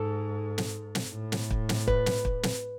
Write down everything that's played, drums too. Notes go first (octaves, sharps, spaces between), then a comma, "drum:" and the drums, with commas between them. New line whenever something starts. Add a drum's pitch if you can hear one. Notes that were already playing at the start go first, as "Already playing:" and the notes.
Already playing: G#2 A4
drum: snare
drum: snare
A2
drum: snare
drum: kick
drum: snare
B4, drum: kick
drum: snare
drum: kick
drum: snare